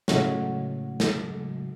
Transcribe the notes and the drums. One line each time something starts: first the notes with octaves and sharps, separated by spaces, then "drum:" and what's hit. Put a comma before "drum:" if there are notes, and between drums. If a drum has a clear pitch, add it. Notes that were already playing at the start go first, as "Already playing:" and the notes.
A2 C#3 F#3 G#3 F#4, drum: snare
drum: snare